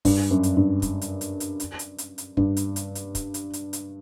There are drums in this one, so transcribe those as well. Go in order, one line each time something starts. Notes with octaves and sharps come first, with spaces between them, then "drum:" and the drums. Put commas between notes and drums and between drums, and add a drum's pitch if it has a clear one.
G2, drum: kick, open hi-hat
F#2
drum: hi-hat
G2
drum: kick, hi-hat
drum: hi-hat
drum: hi-hat
drum: hi-hat
drum: hi-hat
drum: hi-hat
drum: hi-hat
drum: hi-hat
G2, drum: kick
drum: hi-hat
drum: hi-hat
drum: hi-hat
drum: kick, hi-hat
drum: hi-hat
drum: hi-hat
drum: hi-hat